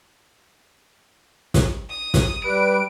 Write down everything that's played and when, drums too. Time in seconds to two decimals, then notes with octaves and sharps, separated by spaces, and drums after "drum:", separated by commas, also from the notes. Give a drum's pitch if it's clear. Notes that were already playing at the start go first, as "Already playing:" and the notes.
1.54 drum: snare
1.90 D#6
2.14 drum: snare
2.44 G3 B4 D7